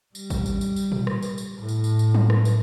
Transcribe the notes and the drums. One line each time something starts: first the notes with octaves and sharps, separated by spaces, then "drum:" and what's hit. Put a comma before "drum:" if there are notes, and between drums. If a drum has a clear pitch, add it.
G3, drum: tambourine
drum: kick A1, tambourine
drum: tambourine
drum: tambourine
drum: tambourine
drum: tom A2
drum: rim click
drum: tambourine
drum: tambourine
A2
drum: tambourine
drum: tambourine
drum: tambourine
drum: tom
drum: rim click
drum: tambourine